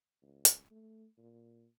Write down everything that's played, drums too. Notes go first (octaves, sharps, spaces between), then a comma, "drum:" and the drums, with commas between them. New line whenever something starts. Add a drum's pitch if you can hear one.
C#2
drum: hi-hat
A3
A#2